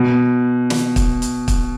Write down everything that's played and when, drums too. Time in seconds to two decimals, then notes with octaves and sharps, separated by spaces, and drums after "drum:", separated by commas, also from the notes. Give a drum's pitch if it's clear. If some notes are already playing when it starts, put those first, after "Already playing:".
Already playing: B2
0.70 drum: snare
0.96 drum: kick, hi-hat
1.22 drum: hi-hat
1.48 drum: kick, hi-hat